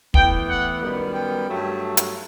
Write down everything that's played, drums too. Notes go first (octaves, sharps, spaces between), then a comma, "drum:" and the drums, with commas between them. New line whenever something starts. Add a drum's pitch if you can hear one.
A2 E3 B3 G5, drum: kick
F#5
F#2 D#3 G3 B3
G5
G2 F#3 A3
drum: hi-hat